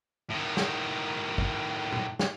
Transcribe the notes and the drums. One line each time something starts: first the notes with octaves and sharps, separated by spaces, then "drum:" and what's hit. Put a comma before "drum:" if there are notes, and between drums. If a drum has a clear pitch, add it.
A2 D#3
drum: snare
drum: kick
drum: tom
drum: snare